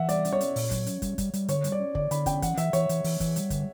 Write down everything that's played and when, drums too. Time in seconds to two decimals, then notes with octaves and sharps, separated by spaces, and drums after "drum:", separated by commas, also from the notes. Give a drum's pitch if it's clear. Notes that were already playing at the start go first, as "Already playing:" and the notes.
Already playing: E3 E5 F#5
0.09 G3 D5, drum: hi-hat
0.25 C#4, drum: hi-hat
0.33 C#5
0.41 C#4, drum: hi-hat
0.56 A#2, drum: open hi-hat
0.71 F#3, drum: kick, hi-hat
0.86 C#4, drum: hi-hat
1.02 G3, drum: kick, hi-hat
1.18 G3, drum: kick, hi-hat
1.33 G3, drum: hi-hat
1.48 D3 C#5, drum: hi-hat
1.64 G3, drum: hi-hat
1.72 D5
1.80 C#4
1.95 D3 D5, drum: kick
2.11 D3 B5, drum: hi-hat
2.26 C#4 G5, drum: kick, hi-hat
2.42 E3 F#5, drum: kick, hi-hat
2.57 E3 E5, drum: hi-hat
2.73 E3 C#5, drum: hi-hat
2.89 E3, drum: hi-hat
3.04 E3, drum: open hi-hat
3.20 E3, drum: kick, hi-hat
3.36 G3, drum: hi-hat
3.50 D3, drum: kick, hi-hat